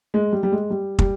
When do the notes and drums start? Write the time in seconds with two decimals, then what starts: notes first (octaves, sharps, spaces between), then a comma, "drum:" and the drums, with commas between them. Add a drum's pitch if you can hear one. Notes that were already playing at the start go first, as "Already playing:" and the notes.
0.14 G#3
0.32 G3
0.43 G3
0.52 G#3
0.70 G3
0.99 G3, drum: kick